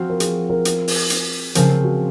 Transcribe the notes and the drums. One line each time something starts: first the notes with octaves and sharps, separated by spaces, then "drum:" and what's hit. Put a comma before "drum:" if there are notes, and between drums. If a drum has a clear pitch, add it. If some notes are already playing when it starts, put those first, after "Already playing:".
Already playing: F3 C4 F4 F#4
A#4
G#4, drum: hi-hat
A#4
drum: hi-hat
drum: open hi-hat
drum: hi-hat
C#3 F3 C4 A#4, drum: hi-hat
G#4
F#4